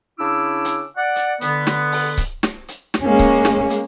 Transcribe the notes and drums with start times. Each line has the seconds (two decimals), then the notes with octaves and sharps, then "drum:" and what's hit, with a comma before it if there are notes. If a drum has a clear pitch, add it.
0.19 C#3 D4 E4 D6 E6
0.65 drum: hi-hat
0.97 D5 F#5
1.16 drum: hi-hat
1.41 D3 B3, drum: hi-hat
1.67 drum: snare
1.92 drum: open hi-hat
2.18 drum: kick C#1, hi-hat
2.43 drum: snare
2.68 drum: hi-hat
2.94 drum: snare
3.03 G#3 A#3 C#4
3.19 drum: kick C#1, hi-hat
3.45 drum: snare
3.70 drum: hi-hat